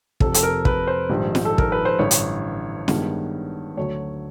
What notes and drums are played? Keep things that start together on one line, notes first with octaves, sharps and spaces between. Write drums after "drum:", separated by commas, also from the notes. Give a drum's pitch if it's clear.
F1 F2 C3 A4, drum: kick
A4, drum: hi-hat
A#4
B4, drum: kick
C5
A#1 G#2 D#3 G3
drum: snare
A4
A#4, drum: kick
B4
C5
A1 G2 D3 C#5
drum: hi-hat
G2 D#3 G#3 B3, drum: snare
D2 D3 F#3 A3 C#5